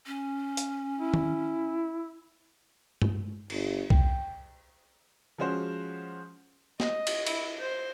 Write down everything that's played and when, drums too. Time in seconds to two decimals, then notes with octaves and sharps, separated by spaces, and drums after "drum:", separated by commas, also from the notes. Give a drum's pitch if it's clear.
0.06 C#4
0.57 drum: hi-hat
0.99 E4
1.14 drum: tom D#3
3.02 drum: tom G2
3.50 G1, drum: cymbal
3.90 G5, drum: kick C2
5.38 F3 G#3 C#4 F#4 C5
6.80 D#5, drum: snare
7.07 drum: cymbal
7.27 E4, drum: cymbal
7.59 C5